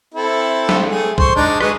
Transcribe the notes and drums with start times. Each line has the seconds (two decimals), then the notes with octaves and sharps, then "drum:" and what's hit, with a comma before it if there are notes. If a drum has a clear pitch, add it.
0.14 C4 E4 A4
0.69 drum: snare
0.90 A3 G#4
1.18 C5 C6 C#6, drum: kick B1
1.36 G#3 D4 D#4
1.61 G#3 B4 C#6, drum: rim click